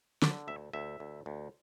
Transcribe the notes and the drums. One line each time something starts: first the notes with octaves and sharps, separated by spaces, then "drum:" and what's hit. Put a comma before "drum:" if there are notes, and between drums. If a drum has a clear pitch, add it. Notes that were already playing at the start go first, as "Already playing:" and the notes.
D3 D5, drum: snare
D2 E5
D2 E5
D2
D2